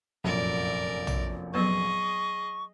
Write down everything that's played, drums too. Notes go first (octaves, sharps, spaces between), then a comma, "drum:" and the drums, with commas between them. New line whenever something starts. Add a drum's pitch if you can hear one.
F1 A#1 F#2 A#4 D5
drum: tom
F#3 B3 G#4 B4 D#5 C#6